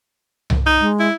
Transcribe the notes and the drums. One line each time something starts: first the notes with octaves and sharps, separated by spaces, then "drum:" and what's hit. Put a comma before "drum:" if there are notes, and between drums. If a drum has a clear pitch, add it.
drum: tom C2
D#4
G#3
E4